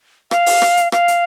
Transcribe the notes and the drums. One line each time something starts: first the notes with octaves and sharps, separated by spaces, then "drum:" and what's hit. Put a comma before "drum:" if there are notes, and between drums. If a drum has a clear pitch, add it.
F5, drum: rim click
drum: open hi-hat
drum: rim click
drum: hi-hat
F5, drum: rim click
drum: hi-hat